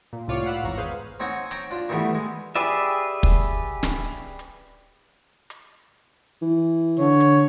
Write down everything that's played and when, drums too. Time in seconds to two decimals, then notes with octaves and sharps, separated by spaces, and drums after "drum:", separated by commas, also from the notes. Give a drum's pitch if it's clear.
0.13 A#2
0.28 C2 A2 F4 C#5 D5 D6
0.46 F5 F#5 B5 E6 F#6
0.63 G#1 E2 A#5 C#6
0.78 G#4 B4 C5 F5
1.20 C4 D#4 C#5 F#5 G#5 D#6
1.51 G5 A5 A#5 C#6 D#6, drum: hi-hat
1.71 D4 F4
1.89 D#3 E3 G3 A3 B3
2.15 G#3
2.55 G4 G#4 B4 D5 E5, drum: hi-hat
3.23 drum: kick
3.83 drum: snare
4.39 drum: hi-hat
5.50 drum: hi-hat
6.41 E3
6.99 D3 C#5
7.20 drum: hi-hat